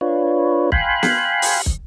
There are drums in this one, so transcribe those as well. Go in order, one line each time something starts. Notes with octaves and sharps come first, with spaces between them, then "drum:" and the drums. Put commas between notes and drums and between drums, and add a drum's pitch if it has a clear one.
D4 F4 B4 C#5
F5 G5 G#5 B5 C6 F#6, drum: kick
drum: snare
drum: open hi-hat
drum: kick